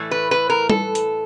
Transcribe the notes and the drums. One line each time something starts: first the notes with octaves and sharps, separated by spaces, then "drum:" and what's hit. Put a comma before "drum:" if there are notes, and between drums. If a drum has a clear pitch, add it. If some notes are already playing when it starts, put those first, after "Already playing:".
Already playing: A2 E3 A3
B4
B4
A#4
A4, drum: tom G3
drum: hi-hat